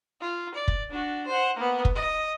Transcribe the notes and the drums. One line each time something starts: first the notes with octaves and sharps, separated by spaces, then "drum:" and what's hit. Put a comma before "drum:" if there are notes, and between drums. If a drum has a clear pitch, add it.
F4
D5
drum: kick
D4 F#4
C5 F#5
A#3 B3
drum: kick
D#5